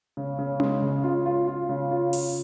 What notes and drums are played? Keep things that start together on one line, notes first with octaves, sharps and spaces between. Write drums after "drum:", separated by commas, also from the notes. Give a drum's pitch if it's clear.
C#3
C#3
G#3, drum: tom C#4
C#3
F4
F4
F4
C#3
F4
F4, drum: open hi-hat